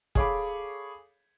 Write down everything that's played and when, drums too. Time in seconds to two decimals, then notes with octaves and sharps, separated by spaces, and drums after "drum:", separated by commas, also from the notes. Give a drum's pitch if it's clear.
0.15 G#4 A4 C#5 F5 B5 D6, drum: kick